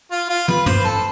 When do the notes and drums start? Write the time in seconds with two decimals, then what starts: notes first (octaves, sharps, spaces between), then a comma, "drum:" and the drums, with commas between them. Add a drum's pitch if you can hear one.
0.11 F4
0.29 F4
0.48 B4, drum: tom
0.66 C5, drum: tom
0.80 B4
0.84 A4